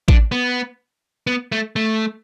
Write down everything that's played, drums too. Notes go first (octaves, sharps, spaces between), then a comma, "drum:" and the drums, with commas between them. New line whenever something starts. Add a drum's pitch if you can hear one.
D4, drum: kick A1
B3
B3
A3
A3